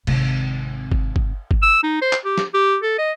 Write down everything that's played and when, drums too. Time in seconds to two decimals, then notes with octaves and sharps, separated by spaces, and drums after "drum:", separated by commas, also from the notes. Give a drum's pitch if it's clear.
0.07 G#1 C3, drum: cymbal
0.92 drum: kick G1
1.16 drum: kick G1
1.51 drum: kick G1
1.62 E6
1.84 D#4
2.02 C5
2.13 drum: clap
2.25 G4
2.38 drum: snare
2.54 G4
2.83 A4
2.98 D#5